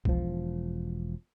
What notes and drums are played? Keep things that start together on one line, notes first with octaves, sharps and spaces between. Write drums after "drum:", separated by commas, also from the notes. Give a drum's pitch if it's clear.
E1 F3, drum: kick C2